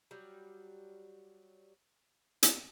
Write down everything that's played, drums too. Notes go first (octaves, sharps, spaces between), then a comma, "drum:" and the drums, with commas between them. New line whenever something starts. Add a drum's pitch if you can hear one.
F#3 G3
drum: hi-hat